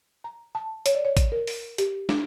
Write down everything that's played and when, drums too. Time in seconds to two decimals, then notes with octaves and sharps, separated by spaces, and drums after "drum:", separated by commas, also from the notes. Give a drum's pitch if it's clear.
0.24 A#5
0.55 A5
0.86 C#5, drum: hi-hat
0.95 D5
1.05 C#5
1.17 drum: kick A1, hi-hat
1.32 A#4
1.47 drum: open hi-hat
1.78 G4, drum: hi-hat
2.09 D4, drum: snare